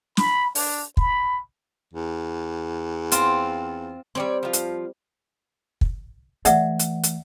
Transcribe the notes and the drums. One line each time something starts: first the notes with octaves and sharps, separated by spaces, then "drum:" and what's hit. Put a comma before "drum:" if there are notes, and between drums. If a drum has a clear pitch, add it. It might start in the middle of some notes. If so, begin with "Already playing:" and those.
B5, drum: snare
D4, drum: open hi-hat
B5, drum: kick
E2
C4 F4, drum: hi-hat
G3 C4 C#5 D5
F3 F4
drum: hi-hat
drum: kick
E3 A3 D5 E5 F#5, drum: hi-hat
drum: hi-hat
drum: hi-hat